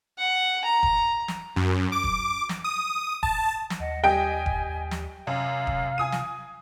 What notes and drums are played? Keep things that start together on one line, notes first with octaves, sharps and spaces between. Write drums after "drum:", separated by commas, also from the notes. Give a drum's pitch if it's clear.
F#5
A#5
drum: kick E1
drum: snare
F#2
D6
drum: kick E1
drum: snare
D#6
A5, drum: kick E1
drum: snare
D#2 D#5 F#5
G3 D#5 G5 G#5 D7
drum: kick E1
drum: snare
F#2 C3 F5
drum: kick E1
G#5 D#6 D#7
drum: snare